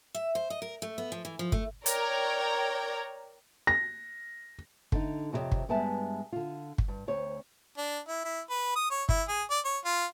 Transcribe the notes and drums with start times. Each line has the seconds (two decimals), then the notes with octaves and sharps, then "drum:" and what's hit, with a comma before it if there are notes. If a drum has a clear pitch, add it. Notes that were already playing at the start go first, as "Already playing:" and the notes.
0.15 E5
0.35 C5
0.50 D#5
0.62 A#4
0.82 A3
0.98 B3
1.12 F3
1.25 E3
1.39 F3
1.52 A3, drum: kick
1.86 A#4 C#5 D5 G5 A#5 G#6, drum: hi-hat
3.67 A#6
4.92 D3 D#4, drum: kick
5.32 F2 C3 E4 G4 C#5 D#5
5.52 drum: kick
5.69 G2 G3 G#3 B3 E5 A5
6.33 D3 F4
6.78 drum: kick
6.88 G2
7.07 D2 C4 C#5
7.78 D4
8.08 E4
8.25 E4
8.50 B4
8.76 D#6
8.91 C#5
9.09 E4, drum: kick
9.28 G#4
9.50 D5
9.65 C#5
9.85 F4